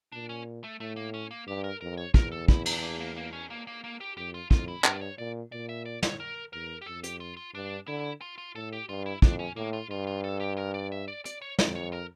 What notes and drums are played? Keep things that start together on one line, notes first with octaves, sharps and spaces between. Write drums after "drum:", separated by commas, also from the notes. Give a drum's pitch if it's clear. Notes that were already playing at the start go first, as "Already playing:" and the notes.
A#2 D4
C#4
A3
A2 A3
A#3
C#4
A#3
G2 G4
A#4
F2 A#4
C#5
E2 A#4, drum: kick
A4
E4, drum: kick
D4, drum: cymbal
A#3
A#3
A#3
C#4
A#3
A#3
A#3
G4
F2 G4
F4
F2 F4, drum: kick
E4
G2 A#4, drum: clap
D5
C#5
A#2 D5
A#2 D5
E5
D5
C#5, drum: snare
A#4
E2 A#4
G4
F2 A4
G4, drum: hi-hat
F4
F4
G2 D4
D3 E4
F4
F4
A2 A4
G4
G2 F4
E4
F2 D4, drum: kick
C#4
A2 A#3
F4
G2 F4
F4
A4
G4
A#4
D5
E5
D5
D5, drum: hi-hat
C#5
F2 D5, drum: snare
C#5
A#4